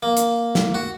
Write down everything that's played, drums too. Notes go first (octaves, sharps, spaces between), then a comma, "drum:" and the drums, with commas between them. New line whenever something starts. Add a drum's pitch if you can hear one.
A#3
drum: hi-hat
drum: snare
F#4